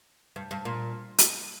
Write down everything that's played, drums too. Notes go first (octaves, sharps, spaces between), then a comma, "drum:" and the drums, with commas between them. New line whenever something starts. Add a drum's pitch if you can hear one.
G2
G2
A#2
drum: hi-hat